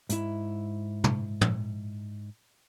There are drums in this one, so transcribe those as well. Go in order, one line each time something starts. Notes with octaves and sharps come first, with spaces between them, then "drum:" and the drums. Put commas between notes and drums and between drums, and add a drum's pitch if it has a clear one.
G#2 E4, drum: hi-hat
drum: tom
drum: tom